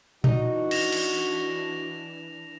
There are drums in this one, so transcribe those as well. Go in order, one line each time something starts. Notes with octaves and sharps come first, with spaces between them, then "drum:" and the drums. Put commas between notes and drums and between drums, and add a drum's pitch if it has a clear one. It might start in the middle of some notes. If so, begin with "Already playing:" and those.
E3 D4 D#4 F#4, drum: tom A#2
A#6 E7 F7, drum: cymbal
drum: cymbal